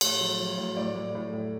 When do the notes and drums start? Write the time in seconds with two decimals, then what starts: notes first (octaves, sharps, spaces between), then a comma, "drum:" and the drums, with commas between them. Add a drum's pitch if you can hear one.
0.01 A2 C#5, drum: cymbal
0.21 F#3
0.40 F#3
0.58 A2
0.77 A2 D5
0.95 A2
1.15 A2
1.33 A2